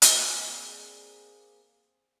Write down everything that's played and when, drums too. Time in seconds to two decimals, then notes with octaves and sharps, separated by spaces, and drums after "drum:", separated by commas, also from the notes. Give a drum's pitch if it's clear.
0.02 A#3 C4 G#4 D5, drum: hi-hat